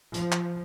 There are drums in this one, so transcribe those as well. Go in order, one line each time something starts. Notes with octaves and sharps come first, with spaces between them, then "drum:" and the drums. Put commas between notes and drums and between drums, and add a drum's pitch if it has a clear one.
F3, drum: hi-hat
drum: clap